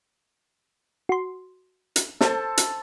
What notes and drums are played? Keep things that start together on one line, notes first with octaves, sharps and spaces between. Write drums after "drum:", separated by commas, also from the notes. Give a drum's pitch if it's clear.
F#4 C6
drum: hi-hat
A4 C5 A5, drum: snare
drum: hi-hat